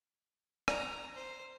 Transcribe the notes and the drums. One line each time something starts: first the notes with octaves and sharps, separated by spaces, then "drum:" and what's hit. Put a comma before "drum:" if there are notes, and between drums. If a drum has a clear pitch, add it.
A#5, drum: rim click
C5